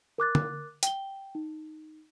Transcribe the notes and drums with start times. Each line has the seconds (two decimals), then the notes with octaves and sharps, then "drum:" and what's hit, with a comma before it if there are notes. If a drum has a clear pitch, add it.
0.18 A#4 D6 F#6 A6
0.35 drum: tom
0.83 G5 G7, drum: hi-hat
1.35 D#4